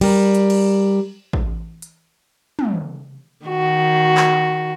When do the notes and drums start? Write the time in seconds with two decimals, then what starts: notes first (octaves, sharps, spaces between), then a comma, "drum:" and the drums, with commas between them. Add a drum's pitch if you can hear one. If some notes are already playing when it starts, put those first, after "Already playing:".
0.01 G3 A#4, drum: cymbal
0.35 drum: hi-hat
0.50 drum: cymbal
1.33 drum: kick A1
1.82 drum: hi-hat
2.59 drum: tom
3.46 D#3 F#4
4.17 drum: clap